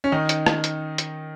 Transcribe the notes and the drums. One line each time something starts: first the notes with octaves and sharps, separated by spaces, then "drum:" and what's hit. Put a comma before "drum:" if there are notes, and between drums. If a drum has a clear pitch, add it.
C#4
D#3 D#4
drum: hi-hat
drum: rim click
drum: hi-hat
drum: hi-hat